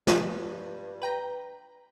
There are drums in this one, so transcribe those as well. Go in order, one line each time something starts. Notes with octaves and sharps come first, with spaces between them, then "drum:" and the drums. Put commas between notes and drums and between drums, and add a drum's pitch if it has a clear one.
G2 F3, drum: snare
B4 G5 A#5